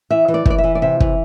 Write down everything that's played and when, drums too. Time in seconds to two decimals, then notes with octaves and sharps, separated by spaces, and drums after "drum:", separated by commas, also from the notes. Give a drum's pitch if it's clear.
0.10 E3 E5
0.28 E3
0.34 D5
0.46 E3 D5, drum: kick
0.58 E5
0.64 E3
0.75 D5
0.82 C3 E5
1.00 E3, drum: kick